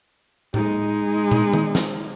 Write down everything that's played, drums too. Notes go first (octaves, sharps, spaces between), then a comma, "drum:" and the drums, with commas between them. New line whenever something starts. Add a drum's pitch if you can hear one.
G#3 D#4, drum: tom A2
drum: tom
drum: tom D#3
drum: snare